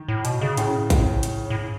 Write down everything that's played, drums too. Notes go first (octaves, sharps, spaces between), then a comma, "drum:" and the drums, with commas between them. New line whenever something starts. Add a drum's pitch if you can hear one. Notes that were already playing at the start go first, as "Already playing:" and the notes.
Already playing: D#3
A2
B2, drum: hi-hat
C#3
A2 C#3, drum: hi-hat
drum: kick A1, hi-hat
drum: hi-hat
A2